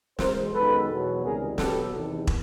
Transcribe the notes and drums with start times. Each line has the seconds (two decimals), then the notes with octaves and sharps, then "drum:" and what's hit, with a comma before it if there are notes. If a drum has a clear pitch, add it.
0.19 E2 B2 G#3 A#4 C5, drum: snare
0.53 F#2 D#3 G#3 B3 A4 B4
0.88 E2 B2 F#3
1.23 C#2 C3 D#3 G3 G#4 A#4
1.58 B2 F#3 B3 G4 A4, drum: snare
1.93 E2 C3 D#3
2.27 drum: kick